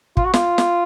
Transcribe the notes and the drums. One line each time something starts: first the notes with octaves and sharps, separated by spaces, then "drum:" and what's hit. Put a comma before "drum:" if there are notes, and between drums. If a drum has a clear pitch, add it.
F4, drum: kick
F#4
F4, drum: snare
drum: snare